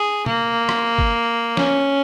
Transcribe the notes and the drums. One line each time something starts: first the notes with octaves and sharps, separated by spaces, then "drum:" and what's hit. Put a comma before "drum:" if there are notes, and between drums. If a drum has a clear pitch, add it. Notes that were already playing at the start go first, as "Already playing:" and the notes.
Already playing: G#4
A#3, drum: tom
drum: rim click
drum: kick
C#4, drum: snare